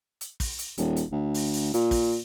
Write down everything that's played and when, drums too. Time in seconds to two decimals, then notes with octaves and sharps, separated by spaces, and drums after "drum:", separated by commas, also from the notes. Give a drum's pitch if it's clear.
0.21 drum: hi-hat
0.40 drum: kick, open hi-hat
0.59 drum: hi-hat
0.78 D#1, drum: hi-hat
0.97 drum: hi-hat
1.12 D2
1.34 drum: open hi-hat
1.53 drum: open hi-hat
1.74 A#2, drum: hi-hat
1.91 drum: kick, open hi-hat